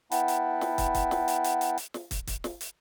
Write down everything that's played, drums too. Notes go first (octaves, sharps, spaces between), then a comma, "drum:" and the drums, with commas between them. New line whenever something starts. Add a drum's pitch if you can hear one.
B3 E4 F#5 G5 A5 B5, drum: hi-hat
drum: hi-hat
drum: snare
drum: kick, hi-hat
drum: kick, hi-hat
drum: snare
drum: hi-hat
drum: hi-hat
drum: hi-hat
drum: hi-hat
drum: snare
drum: kick, hi-hat
drum: kick, hi-hat
drum: snare
drum: hi-hat